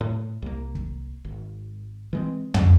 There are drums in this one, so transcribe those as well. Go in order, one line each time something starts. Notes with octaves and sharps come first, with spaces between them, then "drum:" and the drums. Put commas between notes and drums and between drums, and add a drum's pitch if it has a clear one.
A2
C2 A#3
drum: kick
G#1
E3 G#3 C4
C2, drum: tom